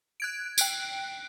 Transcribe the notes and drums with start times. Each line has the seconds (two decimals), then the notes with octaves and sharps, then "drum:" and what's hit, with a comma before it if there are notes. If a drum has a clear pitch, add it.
0.20 F#6 G#6 D7
0.58 G5 F#6 D7, drum: tambourine